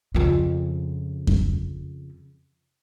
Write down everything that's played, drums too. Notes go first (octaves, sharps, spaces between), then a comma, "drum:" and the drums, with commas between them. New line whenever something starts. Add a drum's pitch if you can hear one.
F2 C#3
drum: kick F2